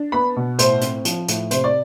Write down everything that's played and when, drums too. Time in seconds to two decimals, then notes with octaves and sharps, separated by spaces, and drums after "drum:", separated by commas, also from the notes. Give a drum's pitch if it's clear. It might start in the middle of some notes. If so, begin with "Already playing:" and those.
Already playing: D4
0.12 B3 B5
0.36 B2
0.59 A2 C5, drum: hi-hat
0.81 C4, drum: hi-hat
1.05 F3, drum: hi-hat
1.28 A2, drum: hi-hat
1.51 C3 C5, drum: hi-hat
1.64 D5